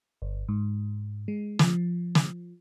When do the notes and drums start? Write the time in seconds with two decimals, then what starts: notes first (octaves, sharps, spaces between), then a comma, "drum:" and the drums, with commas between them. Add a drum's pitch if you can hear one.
0.22 G1
0.49 G#2
1.28 G#3
1.59 F3, drum: snare
2.15 drum: snare